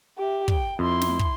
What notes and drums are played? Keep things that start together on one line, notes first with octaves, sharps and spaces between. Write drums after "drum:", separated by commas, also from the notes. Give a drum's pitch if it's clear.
G4 E5
G5, drum: kick
F2 E4 C6
drum: snare
drum: kick